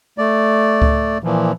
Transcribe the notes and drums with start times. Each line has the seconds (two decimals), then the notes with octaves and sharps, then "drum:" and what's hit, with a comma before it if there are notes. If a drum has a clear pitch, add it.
0.18 A3 D5
0.82 drum: kick C#2
1.24 A#2 E3 F3